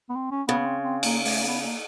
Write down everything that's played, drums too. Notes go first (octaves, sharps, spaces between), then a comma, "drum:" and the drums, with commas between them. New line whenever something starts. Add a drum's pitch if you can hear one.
B3
C4
C#4
C#3 B3
B3
C4
C4
A#3, drum: cymbal
A3, drum: open hi-hat
A#3
B3
A#3